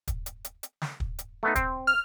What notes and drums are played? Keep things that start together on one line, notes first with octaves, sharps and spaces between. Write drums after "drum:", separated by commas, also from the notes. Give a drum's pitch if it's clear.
drum: kick, hi-hat
drum: hi-hat
drum: hi-hat
drum: hi-hat
drum: snare
drum: kick
drum: hi-hat
A3 B3 D#4
C4, drum: kick, hi-hat
F6